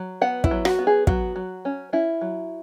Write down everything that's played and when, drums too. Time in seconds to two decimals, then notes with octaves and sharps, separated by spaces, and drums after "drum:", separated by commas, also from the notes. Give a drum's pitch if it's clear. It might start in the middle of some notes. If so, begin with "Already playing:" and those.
Already playing: F#3
0.22 B3 F#5
0.44 E4, drum: kick
0.51 F#3
0.65 F#4, drum: rim click
0.79 B3
0.87 G#4
1.07 F#3 F#4, drum: kick
1.36 F#3
1.65 C#4
1.93 C#4 E4
2.21 F#3